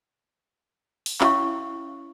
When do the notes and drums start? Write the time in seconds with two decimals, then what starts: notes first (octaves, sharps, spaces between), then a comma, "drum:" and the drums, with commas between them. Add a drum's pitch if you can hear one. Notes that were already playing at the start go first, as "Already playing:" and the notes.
1.06 drum: open hi-hat
1.21 C#4 E4 C#5 E5 F5 C#6, drum: clap